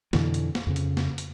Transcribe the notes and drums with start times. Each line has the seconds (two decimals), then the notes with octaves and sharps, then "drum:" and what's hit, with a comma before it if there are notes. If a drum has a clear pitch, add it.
0.13 F2 B2 D3 E3, drum: snare
0.34 drum: hi-hat
0.55 drum: snare
0.67 F2 C#3
0.76 drum: hi-hat
0.97 drum: snare
1.18 drum: hi-hat